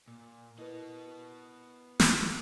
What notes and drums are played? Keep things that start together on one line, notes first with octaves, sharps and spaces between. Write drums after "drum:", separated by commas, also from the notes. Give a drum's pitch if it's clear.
A#2
B3 E4 A#4 B4 D#5
drum: snare